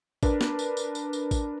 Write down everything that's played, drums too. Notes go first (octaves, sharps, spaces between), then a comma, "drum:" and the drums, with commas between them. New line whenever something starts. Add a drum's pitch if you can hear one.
D4 A#4 B4, drum: kick A1, tambourine
drum: snare
drum: tambourine
drum: tambourine
drum: tambourine
drum: tambourine
drum: kick A1, tambourine